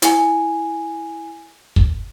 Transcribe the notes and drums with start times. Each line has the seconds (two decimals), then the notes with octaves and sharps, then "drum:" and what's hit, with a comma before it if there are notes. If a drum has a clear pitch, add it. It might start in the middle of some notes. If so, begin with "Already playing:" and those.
0.02 E4 G#5, drum: hi-hat
1.76 drum: kick